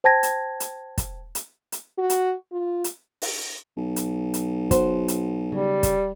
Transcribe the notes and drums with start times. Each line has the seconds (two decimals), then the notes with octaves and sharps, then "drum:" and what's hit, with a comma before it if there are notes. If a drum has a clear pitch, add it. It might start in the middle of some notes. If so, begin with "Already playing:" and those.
0.04 C5 G5 A5 G#6 A#6
0.23 drum: hi-hat
0.60 drum: hi-hat
0.98 drum: kick, hi-hat
1.35 drum: hi-hat
1.72 drum: hi-hat
1.98 F#4
2.10 drum: hi-hat
2.52 F4
2.84 drum: hi-hat
3.22 drum: open hi-hat
3.77 B1
3.96 drum: hi-hat
4.34 drum: hi-hat
4.71 F#4 C5, drum: kick, hi-hat
5.08 drum: hi-hat
5.52 C#3 G3
5.83 drum: kick, hi-hat